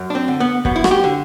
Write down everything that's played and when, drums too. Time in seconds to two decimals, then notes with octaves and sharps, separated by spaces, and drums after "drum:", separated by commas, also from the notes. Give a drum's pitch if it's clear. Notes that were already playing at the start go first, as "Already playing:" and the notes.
Already playing: F#2
0.10 D4
0.15 C4
0.28 D3
0.40 B3
0.65 F#2 B3, drum: kick
0.76 E4
0.84 F#4, drum: rim click
0.91 G4
1.04 D3